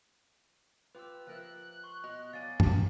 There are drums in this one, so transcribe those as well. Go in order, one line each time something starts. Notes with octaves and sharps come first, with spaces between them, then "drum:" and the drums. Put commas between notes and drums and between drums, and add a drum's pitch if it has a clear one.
F4 G4 B4 E6
F3 A#4 E5 F#6
C6 C#6
B2 D#5
F#3 D5 F5 G#5 A6
drum: tom G2